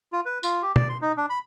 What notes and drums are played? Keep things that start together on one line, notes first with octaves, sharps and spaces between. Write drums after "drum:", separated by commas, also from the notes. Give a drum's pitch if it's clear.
F4
B4
F4, drum: tambourine
G4
D5, drum: tom
C6
D#4
D4
B5